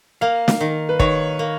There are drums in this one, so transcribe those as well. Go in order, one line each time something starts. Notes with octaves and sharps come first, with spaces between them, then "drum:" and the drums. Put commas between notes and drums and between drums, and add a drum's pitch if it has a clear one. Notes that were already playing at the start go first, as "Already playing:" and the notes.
A#3 F5
drum: snare
D#3
B4
D#3 C#5, drum: kick
A#3